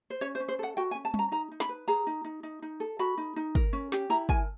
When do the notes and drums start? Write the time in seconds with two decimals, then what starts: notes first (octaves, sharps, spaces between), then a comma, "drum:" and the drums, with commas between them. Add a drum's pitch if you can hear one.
0.10 C5
0.21 C#4 C#5
0.35 C5
0.40 C#4
0.48 C5
0.59 A4 F#5
0.77 F#4 G5
0.91 G#5
0.95 C#4
1.05 A5
1.14 C#4 A#5, drum: tom G3
1.32 D#4 A#5
1.52 D#4
1.60 B5, drum: snare
1.69 B4
1.88 G#4 A#5
2.07 D#4
2.25 D#4
2.43 D#4
2.62 D#4
2.80 A4
2.99 F#4 B5
3.18 D#4
3.36 D#4
3.55 A#4, drum: kick
3.73 C#4
3.92 G4, drum: snare
4.10 E4 A#5
4.29 A#4 G#5, drum: kick